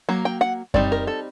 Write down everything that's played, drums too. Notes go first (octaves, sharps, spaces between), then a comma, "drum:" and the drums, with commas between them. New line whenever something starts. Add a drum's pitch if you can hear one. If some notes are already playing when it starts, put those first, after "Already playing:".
F#3 A#3
G5
F#5
G3 C4 D#4 D5, drum: kick F#2
A#4
A4